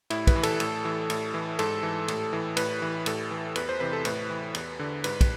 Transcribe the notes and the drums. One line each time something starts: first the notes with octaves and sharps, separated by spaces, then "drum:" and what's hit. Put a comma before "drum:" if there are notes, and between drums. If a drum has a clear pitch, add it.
A2 E4, drum: cymbal
B4, drum: kick, cymbal
E3
A4, drum: cymbal
A2, drum: cymbal
E3
A2, drum: cymbal
E3
G#2 A4, drum: cymbal
E3
A2, drum: cymbal
E3
A2 B4, drum: cymbal
E3
A2 A4, drum: cymbal
E3
E2 B4, drum: cymbal
C5
C3 E3 B4
A4
A2 B4, drum: cymbal
E3
E2, drum: cymbal
D3
G#2 B4, drum: cymbal
drum: kick, cymbal